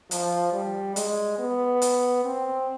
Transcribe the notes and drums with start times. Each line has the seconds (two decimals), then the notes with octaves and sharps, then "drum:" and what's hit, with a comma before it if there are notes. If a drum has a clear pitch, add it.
0.11 F3, drum: hi-hat
0.53 G3
0.96 G#3, drum: hi-hat
1.39 B3
1.82 drum: hi-hat
2.25 C4